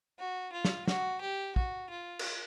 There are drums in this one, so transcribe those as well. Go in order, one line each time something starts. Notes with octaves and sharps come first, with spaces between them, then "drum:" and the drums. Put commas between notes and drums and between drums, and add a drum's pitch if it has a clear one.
F#4
F4
drum: snare
F#4, drum: snare
G4
F#4, drum: kick
F4
drum: cymbal